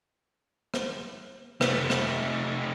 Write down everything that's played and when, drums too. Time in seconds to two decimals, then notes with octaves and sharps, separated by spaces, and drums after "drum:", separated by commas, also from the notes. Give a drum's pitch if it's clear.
0.74 drum: rim click
1.61 C3 A3, drum: rim click
1.90 drum: rim click